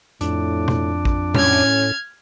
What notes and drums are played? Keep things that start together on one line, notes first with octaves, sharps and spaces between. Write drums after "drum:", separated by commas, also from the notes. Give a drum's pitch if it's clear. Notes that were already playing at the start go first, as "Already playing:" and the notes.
F2 A2 D4, drum: hi-hat
drum: tom
drum: kick A1
A2 C#4 F6 G#6, drum: tom A2